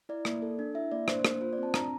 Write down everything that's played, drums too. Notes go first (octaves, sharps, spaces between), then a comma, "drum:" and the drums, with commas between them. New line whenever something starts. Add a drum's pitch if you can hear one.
E4 D5
A#3, drum: rim click
A4
D4
E4 E5
A#3 D5
D4 C5, drum: rim click
A#3, drum: rim click
F4 C5
D5
C4 A5
D4 A#5, drum: rim click